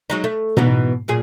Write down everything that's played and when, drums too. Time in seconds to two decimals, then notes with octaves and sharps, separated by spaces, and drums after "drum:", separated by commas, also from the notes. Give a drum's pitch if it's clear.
0.10 F#3 G#3 D#4
0.24 A3
0.57 B2 E3 D#4, drum: tom
1.08 F#2 A#2 G#4